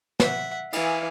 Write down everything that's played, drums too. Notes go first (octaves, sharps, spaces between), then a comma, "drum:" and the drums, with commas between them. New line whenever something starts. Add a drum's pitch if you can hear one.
E5 F#5, drum: snare
E3 F5 G#5, drum: cymbal